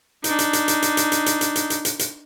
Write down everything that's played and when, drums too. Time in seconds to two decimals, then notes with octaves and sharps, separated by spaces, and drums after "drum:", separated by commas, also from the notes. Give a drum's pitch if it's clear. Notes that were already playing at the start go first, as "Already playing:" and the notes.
0.24 D4 D#4, drum: hi-hat
0.39 drum: hi-hat
0.53 drum: hi-hat
0.68 drum: hi-hat
0.82 drum: hi-hat
0.97 drum: hi-hat
1.12 drum: hi-hat
1.26 drum: hi-hat
1.41 drum: hi-hat
1.56 drum: hi-hat
1.70 drum: hi-hat
1.85 drum: hi-hat
1.99 drum: hi-hat